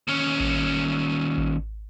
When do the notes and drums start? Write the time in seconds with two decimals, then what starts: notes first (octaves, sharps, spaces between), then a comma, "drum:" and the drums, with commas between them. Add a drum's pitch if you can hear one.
0.08 D#2 C#4
0.40 drum: kick A1
1.38 drum: kick A1